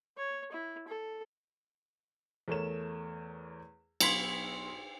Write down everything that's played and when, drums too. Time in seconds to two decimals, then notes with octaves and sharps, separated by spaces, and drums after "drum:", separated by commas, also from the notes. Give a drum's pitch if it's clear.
0.17 C#5
0.52 E4
0.88 A4
2.48 E2 A3 A#4 C#5 E7
4.00 B1 B3 F5 C6 G#6 B6, drum: cymbal